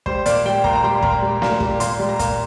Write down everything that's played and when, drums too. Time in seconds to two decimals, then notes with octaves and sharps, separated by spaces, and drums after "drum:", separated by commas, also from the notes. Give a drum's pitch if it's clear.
0.06 G3 C5, drum: kick
0.26 A#2 D5, drum: hi-hat
0.45 G3 G5
0.64 A#2 A#5, drum: kick
0.76 A#5
0.83 G3 C6
1.03 A#2 A#5, drum: kick
1.22 G3
1.42 A#2, drum: snare
1.60 G3, drum: kick
1.80 A#2 C6, drum: hi-hat
1.99 G3
2.09 A#5
2.19 A#2, drum: kick, hi-hat